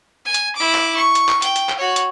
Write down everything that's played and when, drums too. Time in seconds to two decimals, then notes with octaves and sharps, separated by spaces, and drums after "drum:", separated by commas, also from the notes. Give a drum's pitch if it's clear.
0.25 G#5
0.34 drum: hi-hat
0.55 E4 D6
0.75 drum: clap
0.96 C#6
1.15 drum: hi-hat
1.29 drum: clap
1.42 G5, drum: hi-hat
1.56 drum: hi-hat
1.69 drum: clap
1.78 F#4 C#5
1.96 drum: hi-hat